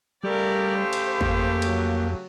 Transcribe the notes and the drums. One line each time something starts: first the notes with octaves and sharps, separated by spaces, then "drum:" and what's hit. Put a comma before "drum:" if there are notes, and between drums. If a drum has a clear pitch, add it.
C#3 G3 A3 G4 A#4 D5
C5
drum: cymbal
F2 A#3, drum: kick G1
F#3, drum: cymbal